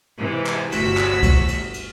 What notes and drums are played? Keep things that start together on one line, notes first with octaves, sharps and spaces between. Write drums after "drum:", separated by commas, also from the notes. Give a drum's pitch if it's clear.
G#2 C3 E3
drum: clap
G1 D2 C3 F#4 E6 B6, drum: cymbal
drum: clap
drum: kick C2, cymbal
drum: cymbal
drum: cymbal